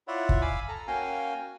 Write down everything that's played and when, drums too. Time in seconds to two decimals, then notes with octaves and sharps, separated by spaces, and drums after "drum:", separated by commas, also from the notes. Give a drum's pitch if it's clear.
0.08 E4 F4 C#5 D5 E5 F#5
0.29 drum: kick
0.42 F5 G#5 B5 D6 E6
0.68 A4 A#5
0.87 A#3 C#4 F#4 F5 G5 G#5